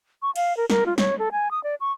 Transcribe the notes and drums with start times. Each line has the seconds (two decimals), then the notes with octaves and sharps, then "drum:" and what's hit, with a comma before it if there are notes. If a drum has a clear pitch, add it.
0.22 C#6
0.36 F5, drum: cymbal
0.57 A#4
0.70 A#4, drum: snare
0.86 F4
0.98 C#5, drum: snare
1.19 A4
1.32 G#5
1.51 D#6
1.63 D5
1.80 C#6